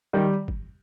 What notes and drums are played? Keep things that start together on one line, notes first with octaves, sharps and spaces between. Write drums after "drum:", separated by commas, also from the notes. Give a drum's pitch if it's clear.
D#3 G3
drum: kick